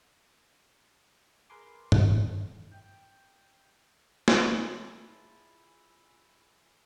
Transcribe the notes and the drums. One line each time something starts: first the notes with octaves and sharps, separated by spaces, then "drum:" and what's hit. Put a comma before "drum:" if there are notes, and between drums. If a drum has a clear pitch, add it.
G#4 A#4 B4 G#5 C6 D6
drum: tom G2
G5
drum: snare
E4 F4 G#4 F#5 A5